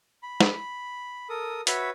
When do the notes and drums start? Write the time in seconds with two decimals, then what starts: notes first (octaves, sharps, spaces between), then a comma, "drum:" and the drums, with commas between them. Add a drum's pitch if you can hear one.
0.23 B5
0.40 drum: snare
1.29 A4 A#4 D#6
1.67 F#4 B4 C#5 E5, drum: hi-hat